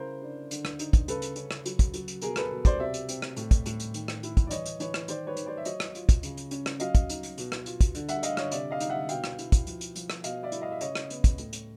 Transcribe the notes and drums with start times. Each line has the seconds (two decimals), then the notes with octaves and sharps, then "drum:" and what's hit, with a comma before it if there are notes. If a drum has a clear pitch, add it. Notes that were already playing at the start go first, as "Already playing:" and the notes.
Already playing: C#3 E4 A#4 C5
0.22 D4
0.51 D3, drum: hi-hat
0.65 drum: rim click
0.79 D#4, drum: hi-hat
0.93 drum: kick, hi-hat
1.08 C#3 A4 B4, drum: hi-hat
1.22 drum: hi-hat
1.36 C#4, drum: hi-hat
1.51 drum: rim click
1.66 F#3, drum: hi-hat
1.79 drum: kick, hi-hat
1.94 F#3, drum: hi-hat
2.08 drum: hi-hat
2.22 B2 G#4 A#4, drum: hi-hat
2.36 A4 B4, drum: rim click
2.51 B2
2.65 C5 D5, drum: kick, hi-hat
2.79 C3 D5 E5
2.94 drum: hi-hat
3.09 C4, drum: hi-hat
3.22 drum: rim click
3.36 A2, drum: hi-hat
3.51 drum: kick, hi-hat
3.66 A2, drum: hi-hat
3.80 drum: hi-hat
3.94 D#3, drum: hi-hat
4.08 drum: rim click
4.23 E4, drum: hi-hat
4.37 drum: kick, hi-hat
4.47 D5
4.51 E3 C#5 D#5, drum: hi-hat
4.66 drum: hi-hat
4.80 E3 B4 C#5, drum: hi-hat
4.94 drum: rim click
5.08 D#3 C5 D5, drum: hi-hat
5.27 B4 C#5
5.37 D#3, drum: hi-hat
5.46 C5 D5
5.57 E5
5.65 F#3 C#5 D#5, drum: hi-hat
5.80 drum: rim click
5.95 F4, drum: hi-hat
6.09 drum: kick, hi-hat
6.23 C#3, drum: hi-hat
6.37 drum: hi-hat
6.51 C#4, drum: hi-hat
6.66 drum: rim click
6.80 F#3 D#5 F5, drum: hi-hat
6.95 drum: kick, hi-hat
7.09 D#4, drum: hi-hat
7.23 drum: hi-hat
7.38 B2, drum: hi-hat
7.52 drum: rim click
7.66 F4, drum: hi-hat
7.81 drum: kick, hi-hat
7.95 D3, drum: hi-hat
8.09 E5 F#5, drum: hi-hat
8.23 D3 D#5 F5, drum: hi-hat
8.37 C#5 D#5, drum: rim click
8.52 C3 D5 E5, drum: hi-hat
8.71 D#5 F5
8.80 D#4, drum: hi-hat
8.90 E5 F#5
9.09 B2 F5 G5, drum: hi-hat
9.24 drum: rim click
9.39 E4, drum: hi-hat
9.52 drum: kick, hi-hat
9.67 F3, drum: hi-hat
9.81 drum: hi-hat
9.96 F3, drum: hi-hat
10.10 drum: rim click
10.24 B2 D#5 F5, drum: hi-hat
10.43 D5 E5
10.52 E4, drum: hi-hat
10.61 D#5 F5
10.71 E5
10.81 C#3 C#5 D#5, drum: hi-hat
10.95 drum: rim click
11.10 B3, drum: hi-hat
11.24 drum: kick, hi-hat
11.38 A2, drum: hi-hat
11.53 drum: hi-hat